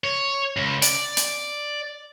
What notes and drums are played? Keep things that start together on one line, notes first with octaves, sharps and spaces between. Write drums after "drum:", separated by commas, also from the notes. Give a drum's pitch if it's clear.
C#5
C#2
D5, drum: hi-hat
drum: hi-hat